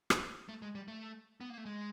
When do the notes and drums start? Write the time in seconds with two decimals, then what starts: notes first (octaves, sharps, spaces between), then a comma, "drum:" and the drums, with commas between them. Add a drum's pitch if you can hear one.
0.10 drum: rim click
0.49 A3
0.62 G#3
0.75 G3
0.88 A3
1.41 B3
1.50 A#3
1.58 A3
1.65 G#3